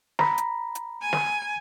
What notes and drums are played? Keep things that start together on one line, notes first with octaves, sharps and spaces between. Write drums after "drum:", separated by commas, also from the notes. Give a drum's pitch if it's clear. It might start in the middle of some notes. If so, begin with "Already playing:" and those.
A#5 B5, drum: snare
drum: hi-hat
drum: hi-hat
G#5
drum: snare